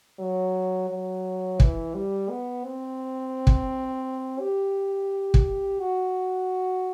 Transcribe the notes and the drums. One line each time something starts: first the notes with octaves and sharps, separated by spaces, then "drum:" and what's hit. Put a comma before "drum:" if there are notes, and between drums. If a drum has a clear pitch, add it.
F#3
F#3
E3, drum: kick
G3
B3
C4
drum: kick
G4
drum: kick
F#4